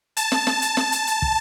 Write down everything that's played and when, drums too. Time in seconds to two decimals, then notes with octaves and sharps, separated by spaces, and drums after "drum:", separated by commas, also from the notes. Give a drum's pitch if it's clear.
0.17 A5, drum: hi-hat
0.32 drum: snare
0.47 drum: snare
0.62 drum: hi-hat
0.77 drum: snare
0.92 drum: hi-hat
1.07 drum: hi-hat
1.22 drum: kick